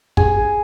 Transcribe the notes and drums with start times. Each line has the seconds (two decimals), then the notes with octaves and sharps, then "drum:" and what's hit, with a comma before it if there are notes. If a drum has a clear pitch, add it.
0.17 G#4, drum: kick